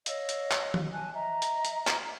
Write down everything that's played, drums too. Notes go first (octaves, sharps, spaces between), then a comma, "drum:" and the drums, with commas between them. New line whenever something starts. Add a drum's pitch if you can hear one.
C#5 D#5 F5 E6, drum: hi-hat
drum: hi-hat
drum: clap
drum: tom
G#5 A5 F#6
D#5 E5 A#5
drum: hi-hat
drum: hi-hat
drum: clap